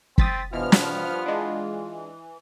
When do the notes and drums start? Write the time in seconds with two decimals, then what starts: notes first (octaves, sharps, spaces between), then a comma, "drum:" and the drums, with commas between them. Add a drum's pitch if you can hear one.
0.18 C4 D#6 A6 B6, drum: kick
0.53 G2 B2 E3 F3 B3 F4 F6
0.72 drum: snare
1.26 E3 G#3 D4